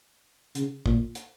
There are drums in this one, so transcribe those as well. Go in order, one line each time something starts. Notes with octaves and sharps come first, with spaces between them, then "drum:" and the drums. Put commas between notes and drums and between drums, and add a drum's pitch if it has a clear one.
C#3, drum: hi-hat
A#2, drum: kick
drum: hi-hat